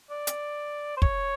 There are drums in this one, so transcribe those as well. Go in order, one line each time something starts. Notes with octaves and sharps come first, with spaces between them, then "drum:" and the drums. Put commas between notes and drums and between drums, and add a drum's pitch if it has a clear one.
D5
drum: hi-hat
C5
C#5, drum: kick